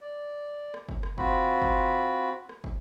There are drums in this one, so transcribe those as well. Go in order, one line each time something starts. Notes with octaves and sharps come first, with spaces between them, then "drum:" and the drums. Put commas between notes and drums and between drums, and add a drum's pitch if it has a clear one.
D5
drum: rim click
drum: kick
drum: rim click
C4 F4 F#4 B5, drum: kick
drum: kick
drum: rim click
drum: kick